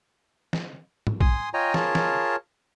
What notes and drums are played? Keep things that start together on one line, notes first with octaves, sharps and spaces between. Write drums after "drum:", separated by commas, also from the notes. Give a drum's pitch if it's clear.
drum: snare
drum: tom
G#5 C6 D#6, drum: kick A#1
F4 C#5 D#5 G5 G#5 A#5
F4 G#4 A#4 C#5 A5, drum: snare
drum: snare